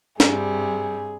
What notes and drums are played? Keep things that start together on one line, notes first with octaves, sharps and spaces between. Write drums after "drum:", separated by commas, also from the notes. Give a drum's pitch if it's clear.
G2 C3 G3 G#4, drum: snare